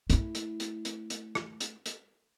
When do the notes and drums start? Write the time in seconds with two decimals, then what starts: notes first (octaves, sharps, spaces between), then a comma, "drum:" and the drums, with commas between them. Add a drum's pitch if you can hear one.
0.10 A3 E4, drum: hi-hat
0.35 drum: hi-hat
0.60 drum: hi-hat
0.85 drum: hi-hat
1.10 drum: hi-hat
1.35 drum: rim click
1.60 drum: hi-hat
1.86 drum: hi-hat